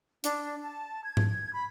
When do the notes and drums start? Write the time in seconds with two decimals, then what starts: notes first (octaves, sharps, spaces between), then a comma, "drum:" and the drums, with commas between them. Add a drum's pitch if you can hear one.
0.24 D4, drum: hi-hat
0.62 A5
1.04 G#6
1.17 drum: tom G#2
1.53 B5